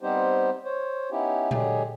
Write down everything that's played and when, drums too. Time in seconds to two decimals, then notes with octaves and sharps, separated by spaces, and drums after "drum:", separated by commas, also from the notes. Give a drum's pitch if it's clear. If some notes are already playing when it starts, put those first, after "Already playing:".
0.01 G3 B3 C4 D#4 G4 C5
0.64 C5 C#5
1.11 B3 C#4 D#4 E4 G4
1.51 D3 F#3 G#3 G4 G#4, drum: tom A#2